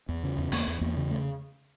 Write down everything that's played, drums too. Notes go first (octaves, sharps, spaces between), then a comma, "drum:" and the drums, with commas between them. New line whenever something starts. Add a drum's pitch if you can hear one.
E2
C#3
E2
E2 A#3, drum: open hi-hat
E2
E2 A#3
C#3
A3